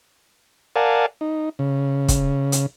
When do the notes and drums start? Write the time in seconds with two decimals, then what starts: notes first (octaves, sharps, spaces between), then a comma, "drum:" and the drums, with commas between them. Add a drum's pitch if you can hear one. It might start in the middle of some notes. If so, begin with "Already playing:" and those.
0.76 A#4 D5 F5 F#5 G#5 A5
1.21 D#4
1.59 C#3
2.08 drum: kick, hi-hat
2.52 drum: hi-hat